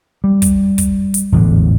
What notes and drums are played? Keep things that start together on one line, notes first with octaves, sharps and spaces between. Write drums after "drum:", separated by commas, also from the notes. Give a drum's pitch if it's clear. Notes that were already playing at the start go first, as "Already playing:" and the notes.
G3
drum: kick, hi-hat
drum: kick, hi-hat
drum: hi-hat
A1 E2 G#2 D3